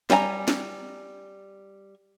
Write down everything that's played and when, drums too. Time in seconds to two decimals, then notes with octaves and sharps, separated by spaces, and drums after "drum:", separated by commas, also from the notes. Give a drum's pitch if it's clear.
0.10 G3 D4 G#5 A#5, drum: snare
0.48 drum: snare